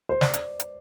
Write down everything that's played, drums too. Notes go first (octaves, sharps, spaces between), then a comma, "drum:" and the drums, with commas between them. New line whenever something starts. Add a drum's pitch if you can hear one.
C5
D5, drum: snare
drum: hi-hat
drum: hi-hat